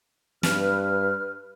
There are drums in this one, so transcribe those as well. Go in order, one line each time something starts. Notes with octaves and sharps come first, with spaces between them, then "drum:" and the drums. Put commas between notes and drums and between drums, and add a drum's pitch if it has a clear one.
G2 B4 F6, drum: snare